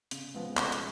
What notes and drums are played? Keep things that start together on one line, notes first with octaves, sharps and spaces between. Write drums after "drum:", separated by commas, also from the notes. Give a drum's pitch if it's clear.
C#3, drum: hi-hat
F3 G#3 B3
C#3, drum: clap
drum: hi-hat